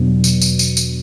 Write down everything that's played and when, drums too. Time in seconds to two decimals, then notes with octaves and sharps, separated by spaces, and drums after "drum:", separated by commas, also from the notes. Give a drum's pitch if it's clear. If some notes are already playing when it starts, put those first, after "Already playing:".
Already playing: E2 B2 F#3 B3 D4
0.24 drum: tambourine
0.42 drum: tambourine
0.59 drum: tambourine
0.77 drum: tambourine